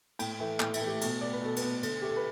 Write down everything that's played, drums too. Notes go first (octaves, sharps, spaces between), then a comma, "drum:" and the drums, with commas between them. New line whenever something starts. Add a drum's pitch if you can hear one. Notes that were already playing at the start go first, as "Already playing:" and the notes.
A2 G5, drum: cymbal
E3 A3
A2 G5, drum: clap
E4, drum: cymbal
E3 A3
G4
B2 A4, drum: cymbal
B3 D5
B4
B2 A4
B4, drum: cymbal
B3
D3, drum: cymbal
A3 G4
A4
B4